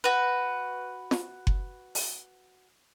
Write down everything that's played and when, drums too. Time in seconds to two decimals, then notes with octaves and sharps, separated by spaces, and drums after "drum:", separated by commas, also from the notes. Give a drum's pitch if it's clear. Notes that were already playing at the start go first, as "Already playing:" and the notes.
0.04 F#4 B4
1.11 drum: snare
1.47 drum: kick F#1
1.95 drum: open hi-hat